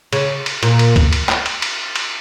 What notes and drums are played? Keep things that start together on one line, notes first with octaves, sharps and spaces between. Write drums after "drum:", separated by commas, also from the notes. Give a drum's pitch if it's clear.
C#3, drum: cymbal
drum: cymbal
A#2, drum: cymbal
drum: cymbal
drum: kick C#2, cymbal
drum: cymbal
drum: clap
drum: cymbal
drum: cymbal
drum: cymbal